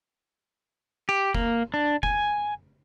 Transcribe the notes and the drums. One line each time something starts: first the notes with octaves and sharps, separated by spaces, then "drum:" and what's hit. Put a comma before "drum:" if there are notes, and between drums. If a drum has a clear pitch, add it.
G4
A#3, drum: kick F1
D4
G#5, drum: kick F1